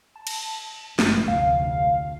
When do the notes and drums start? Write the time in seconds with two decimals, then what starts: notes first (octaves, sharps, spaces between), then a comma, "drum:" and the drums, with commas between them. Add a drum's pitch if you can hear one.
0.16 A5
0.27 drum: cymbal
0.99 G#1 G2, drum: snare
1.28 F1 D2 A3 F5